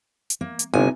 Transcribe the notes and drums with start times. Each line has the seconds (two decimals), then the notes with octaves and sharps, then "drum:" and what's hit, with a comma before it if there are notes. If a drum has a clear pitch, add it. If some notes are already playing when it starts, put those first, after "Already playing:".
0.30 drum: hi-hat
0.41 A#3
0.59 drum: hi-hat
0.74 G1 C3 D#4 G#5